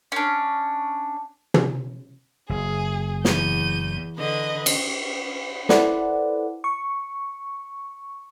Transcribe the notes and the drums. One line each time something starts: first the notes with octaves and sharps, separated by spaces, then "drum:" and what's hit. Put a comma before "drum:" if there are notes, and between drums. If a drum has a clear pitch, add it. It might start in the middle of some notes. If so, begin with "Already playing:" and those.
C#4 D4
drum: tom
F#1 G#4
E2 G6 D#7, drum: snare
D3 B4 D#5
drum: cymbal
E4 A4 B4 C5 D5 F#5, drum: snare
C#6